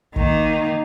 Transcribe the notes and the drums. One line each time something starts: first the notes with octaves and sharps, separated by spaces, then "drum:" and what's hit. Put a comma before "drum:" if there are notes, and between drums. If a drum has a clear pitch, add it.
D#3 A#3, drum: kick